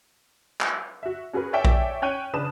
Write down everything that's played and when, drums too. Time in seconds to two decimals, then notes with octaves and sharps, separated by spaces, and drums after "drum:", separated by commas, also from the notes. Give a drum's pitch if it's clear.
0.61 drum: clap
1.03 F#4 E5
1.33 C#4 F#4 G#4 A#4 B4
1.53 C#5 D5 E5 G5 G#5
1.65 drum: kick A#1
2.02 C#4 C#5 G5 F#6 G6 D#7
2.34 C#3 D4 B4 A5 D#6 E7